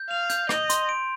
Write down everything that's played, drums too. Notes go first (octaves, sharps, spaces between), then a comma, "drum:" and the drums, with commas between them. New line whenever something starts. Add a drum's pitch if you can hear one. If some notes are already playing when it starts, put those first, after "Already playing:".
Already playing: G6
F5 F7
G6, drum: hi-hat
D#5 G6, drum: rim click
C6, drum: hi-hat
D7